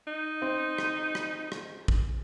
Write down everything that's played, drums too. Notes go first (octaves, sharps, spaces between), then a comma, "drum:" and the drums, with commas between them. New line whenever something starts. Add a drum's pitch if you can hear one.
D#4
C4
drum: rim click
drum: rim click
drum: rim click
drum: kick A1